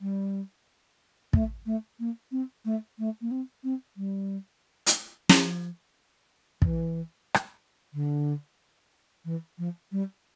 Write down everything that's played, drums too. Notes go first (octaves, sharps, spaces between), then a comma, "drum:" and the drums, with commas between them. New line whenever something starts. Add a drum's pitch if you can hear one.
G3
A3, drum: kick
A3
A#3
C4
A3
A3
A#3
C4
C4
G3
drum: hi-hat
F3, drum: snare
E3, drum: kick
drum: rim click
D3
E3
F3
G3